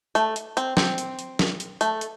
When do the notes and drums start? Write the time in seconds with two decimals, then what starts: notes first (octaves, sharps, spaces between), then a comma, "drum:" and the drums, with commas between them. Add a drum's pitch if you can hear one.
0.15 A3, drum: hi-hat
0.36 drum: hi-hat
0.57 C4, drum: hi-hat
0.77 C4, drum: snare
0.98 drum: hi-hat
1.19 drum: hi-hat
1.39 drum: snare
1.60 drum: hi-hat
1.81 A3, drum: hi-hat
2.01 drum: hi-hat